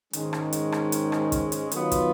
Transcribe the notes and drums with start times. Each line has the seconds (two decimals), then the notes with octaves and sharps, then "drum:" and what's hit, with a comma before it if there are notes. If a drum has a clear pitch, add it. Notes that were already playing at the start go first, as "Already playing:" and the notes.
0.13 G#2 D#3 G#3 C#4, drum: hi-hat
0.33 drum: rim click
0.53 drum: hi-hat
0.72 drum: rim click
0.92 drum: hi-hat
1.12 drum: rim click
1.32 drum: kick, hi-hat
1.52 drum: hi-hat
1.71 D#3 F#3 B3 F4, drum: hi-hat
1.92 drum: kick, hi-hat